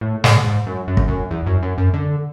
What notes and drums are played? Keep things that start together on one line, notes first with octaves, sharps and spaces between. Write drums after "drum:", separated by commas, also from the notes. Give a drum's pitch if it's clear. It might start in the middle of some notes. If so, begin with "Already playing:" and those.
A2
G#2, drum: snare
G#2
F#2
F#2
drum: kick
F#2
E2
F#2
F#2
F#2
D3